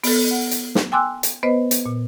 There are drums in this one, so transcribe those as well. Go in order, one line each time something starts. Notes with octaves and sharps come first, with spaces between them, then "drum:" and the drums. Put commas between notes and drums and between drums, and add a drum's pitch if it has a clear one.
B3 A4, drum: open hi-hat
F#5
drum: hi-hat
drum: snare
G5 G#5 C6 D6 E6 F#6
drum: hi-hat
B3 B4 C5 D#5
drum: hi-hat
A#2